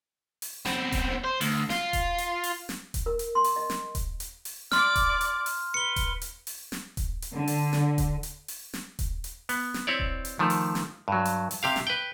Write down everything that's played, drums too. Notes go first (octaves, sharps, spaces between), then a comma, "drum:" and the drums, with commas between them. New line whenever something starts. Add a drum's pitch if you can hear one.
drum: open hi-hat
B3 C4, drum: snare
drum: kick D#1, hi-hat
C5
D2, drum: open hi-hat
F4, drum: snare
drum: kick D#1, hi-hat
drum: hi-hat
drum: open hi-hat
drum: snare
drum: kick D#1, hi-hat
A#4
drum: hi-hat
C6
drum: open hi-hat
D#5
drum: snare
drum: kick D#1, hi-hat
drum: hi-hat
drum: open hi-hat
D5 C6 D6 F6, drum: snare
drum: kick D#1, hi-hat
drum: hi-hat
drum: open hi-hat
B4 C#7 G7
drum: kick D#1, hi-hat
drum: hi-hat
drum: open hi-hat
drum: snare
drum: kick D#1, hi-hat
drum: hi-hat
D3
drum: open hi-hat
drum: snare
drum: kick D#1, hi-hat
drum: hi-hat
drum: open hi-hat
drum: snare
drum: kick D#1, hi-hat
drum: hi-hat
B3, drum: open hi-hat
drum: snare
C4 E4 C#5 D5
drum: kick D#1
drum: hi-hat
D#3 F3 A3
drum: open hi-hat
drum: snare
G2 F#3
drum: hi-hat
drum: open hi-hat
C3 G4 F5
drum: snare
B4 G5